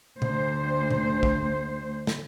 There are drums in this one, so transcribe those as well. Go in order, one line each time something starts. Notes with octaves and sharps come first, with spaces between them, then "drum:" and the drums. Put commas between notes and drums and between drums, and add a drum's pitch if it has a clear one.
D2 C5, drum: tom A#2
drum: tom A#2
drum: kick
drum: snare